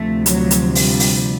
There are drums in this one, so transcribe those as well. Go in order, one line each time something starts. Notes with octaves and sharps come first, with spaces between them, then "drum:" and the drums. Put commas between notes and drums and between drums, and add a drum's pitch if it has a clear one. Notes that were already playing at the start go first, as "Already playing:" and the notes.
Already playing: D2 C3 F3 A3
F#3, drum: hi-hat
drum: hi-hat
G3, drum: open hi-hat
drum: open hi-hat